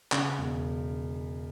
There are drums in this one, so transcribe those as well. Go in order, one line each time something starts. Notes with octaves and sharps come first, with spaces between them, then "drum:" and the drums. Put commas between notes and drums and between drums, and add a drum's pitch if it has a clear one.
C#3, drum: clap
E1